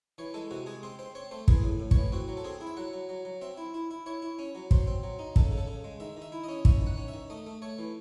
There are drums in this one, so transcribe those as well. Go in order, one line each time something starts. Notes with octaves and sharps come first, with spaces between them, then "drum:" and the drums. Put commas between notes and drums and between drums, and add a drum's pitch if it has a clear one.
E3 C#5
G#3 A4
C3 F#4
G#3 G#4
C4 C5
C4 C5
C4 C#5
A3 C5
E3 G#4, drum: kick
A2
A2
E3 C#5, drum: kick
C4 F#4
F#3
A4
C4 G#4
E4
E5
F#3 F#5
F#3
F#3
F#3
C4 E5
E4
E4
E4
E4 C#5
E4
C#4
F#3
F#3 C5, drum: kick
C4
F#3
D#4
C#3 A4, drum: kick
C#3
A4
C#3
G#3
D#3 E5
D#3
E5
E4
C#4 D#5
C#4 E5, drum: kick
D#3
F#5
C#4
E5
D#3
A3 D#5
A3
A3 C#5
E3